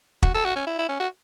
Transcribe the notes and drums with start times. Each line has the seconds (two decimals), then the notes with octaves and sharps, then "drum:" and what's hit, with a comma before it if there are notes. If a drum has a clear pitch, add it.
0.23 F#4, drum: kick
0.35 A4
0.45 F#4
0.56 C#4
0.67 E4
0.78 E4
0.89 C#4
1.00 F#4